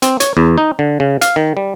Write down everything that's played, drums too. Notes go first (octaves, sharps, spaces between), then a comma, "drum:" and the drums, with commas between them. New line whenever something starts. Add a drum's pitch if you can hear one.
C4, drum: hi-hat
C#5, drum: hi-hat
E2
D#4
D3
C#3
F5, drum: hi-hat
D#3
G3